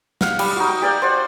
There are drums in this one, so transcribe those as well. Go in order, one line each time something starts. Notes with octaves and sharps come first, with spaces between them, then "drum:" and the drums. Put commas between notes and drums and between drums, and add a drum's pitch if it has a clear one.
F5 F#5, drum: snare
G3, drum: cymbal
D#4 F#4
G5
G4 D5 F5 G5
C5 D5 F#5